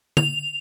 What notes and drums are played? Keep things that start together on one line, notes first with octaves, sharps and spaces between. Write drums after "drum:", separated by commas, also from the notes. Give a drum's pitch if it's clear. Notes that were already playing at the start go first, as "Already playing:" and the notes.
F7, drum: tom D3